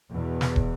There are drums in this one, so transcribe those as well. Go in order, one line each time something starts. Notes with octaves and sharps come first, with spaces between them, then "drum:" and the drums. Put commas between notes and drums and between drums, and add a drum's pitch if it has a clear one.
E2 B2
drum: snare
drum: kick